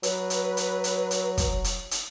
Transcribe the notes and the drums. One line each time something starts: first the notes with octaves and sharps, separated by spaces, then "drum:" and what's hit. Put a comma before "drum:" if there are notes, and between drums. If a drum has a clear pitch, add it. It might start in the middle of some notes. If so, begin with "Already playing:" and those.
F#3 B4, drum: hi-hat
drum: hi-hat
drum: hi-hat
drum: hi-hat
drum: hi-hat
drum: kick, hi-hat
drum: hi-hat
drum: hi-hat